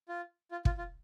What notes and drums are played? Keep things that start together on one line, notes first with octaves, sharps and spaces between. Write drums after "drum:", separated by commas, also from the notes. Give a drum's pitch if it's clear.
F4
F4
F4, drum: kick
F4